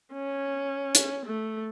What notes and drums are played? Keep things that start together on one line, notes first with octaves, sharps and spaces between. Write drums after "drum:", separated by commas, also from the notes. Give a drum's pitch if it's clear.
C#4
drum: hi-hat
A3